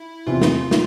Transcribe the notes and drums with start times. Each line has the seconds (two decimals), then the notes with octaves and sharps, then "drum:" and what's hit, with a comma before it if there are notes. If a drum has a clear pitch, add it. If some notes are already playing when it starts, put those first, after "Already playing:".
Already playing: E4
0.27 E2 C3 E3 F4
0.42 drum: snare
0.71 drum: snare